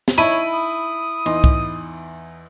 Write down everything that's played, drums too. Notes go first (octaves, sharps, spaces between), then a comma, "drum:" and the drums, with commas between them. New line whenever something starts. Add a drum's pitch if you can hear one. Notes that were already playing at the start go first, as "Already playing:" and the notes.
drum: snare
D#4 E4 C#5 A5 B5 D#7
D#6
E2 D#4 C6, drum: cymbal
drum: kick C2